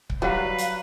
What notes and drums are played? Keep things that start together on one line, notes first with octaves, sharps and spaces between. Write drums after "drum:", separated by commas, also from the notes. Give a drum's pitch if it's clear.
drum: kick C#1
F#3 G3 F#4 B4 F5
drum: hi-hat